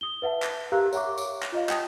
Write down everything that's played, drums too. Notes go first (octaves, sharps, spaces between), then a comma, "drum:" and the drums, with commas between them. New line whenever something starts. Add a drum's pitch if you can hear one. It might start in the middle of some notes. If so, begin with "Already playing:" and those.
D#6 G7
B4 E5 F#5 A5
drum: clap
G4 A#4 F5 A#5 E6 F#6
C#5 E5 F#5 C#6 D6, drum: tambourine
drum: tambourine
drum: clap
F4 D#5 F5
F#5 G5 A5 D#6, drum: clap